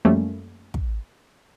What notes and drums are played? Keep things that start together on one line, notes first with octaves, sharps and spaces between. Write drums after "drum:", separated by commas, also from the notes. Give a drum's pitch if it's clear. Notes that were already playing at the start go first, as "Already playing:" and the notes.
F#2 F3 G3 A3 A#3 C#4
drum: kick